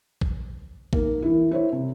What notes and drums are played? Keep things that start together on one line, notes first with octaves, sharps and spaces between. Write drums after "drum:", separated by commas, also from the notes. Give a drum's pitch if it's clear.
drum: kick
A#3 D#4, drum: kick
E3 E4
E4 C5 C#5
C3